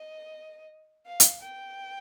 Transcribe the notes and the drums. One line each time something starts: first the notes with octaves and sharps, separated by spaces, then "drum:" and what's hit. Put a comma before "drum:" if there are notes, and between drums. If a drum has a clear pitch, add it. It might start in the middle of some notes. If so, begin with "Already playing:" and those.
Already playing: D#5
F5
drum: hi-hat
G5